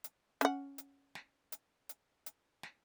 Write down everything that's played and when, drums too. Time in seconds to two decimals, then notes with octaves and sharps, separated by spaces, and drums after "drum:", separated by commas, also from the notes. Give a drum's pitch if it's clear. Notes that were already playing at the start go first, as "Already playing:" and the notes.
0.04 drum: hi-hat
0.41 C#4 F#5, drum: hi-hat
0.78 drum: hi-hat
1.15 drum: snare
1.52 drum: hi-hat
1.89 drum: hi-hat
2.26 drum: hi-hat
2.63 drum: snare